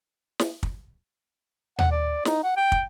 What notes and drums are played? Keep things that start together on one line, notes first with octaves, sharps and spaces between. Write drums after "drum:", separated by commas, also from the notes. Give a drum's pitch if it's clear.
drum: snare
drum: kick
F#5, drum: tom D#2
D5
D#4, drum: snare
F#5
G5
drum: kick